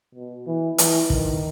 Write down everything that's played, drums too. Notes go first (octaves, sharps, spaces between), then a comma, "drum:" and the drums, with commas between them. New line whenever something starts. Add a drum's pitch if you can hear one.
B2
E3
E3, drum: hi-hat
D#3, drum: kick